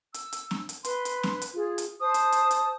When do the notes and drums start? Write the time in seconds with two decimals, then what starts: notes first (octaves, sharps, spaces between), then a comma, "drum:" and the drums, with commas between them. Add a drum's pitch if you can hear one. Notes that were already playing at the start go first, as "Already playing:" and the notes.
0.14 E6, drum: hi-hat
0.33 drum: hi-hat
0.51 drum: snare C4
0.69 drum: hi-hat
0.85 B4 C6, drum: hi-hat
1.05 drum: hi-hat
1.23 drum: snare C4
1.42 drum: hi-hat
1.55 F4 G#4
1.78 drum: hi-hat
2.01 C5 A5 D#6
2.14 drum: hi-hat
2.32 drum: hi-hat
2.51 drum: hi-hat